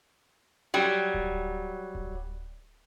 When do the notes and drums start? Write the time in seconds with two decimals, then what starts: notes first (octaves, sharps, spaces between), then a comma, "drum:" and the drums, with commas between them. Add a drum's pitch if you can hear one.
0.74 F#3 G3
1.14 drum: kick D1
1.95 drum: kick D1